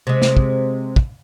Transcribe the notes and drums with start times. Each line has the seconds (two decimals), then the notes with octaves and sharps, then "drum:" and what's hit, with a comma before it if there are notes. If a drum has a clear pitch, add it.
0.07 C3 G#3
0.22 drum: snare
0.37 drum: kick
0.96 drum: kick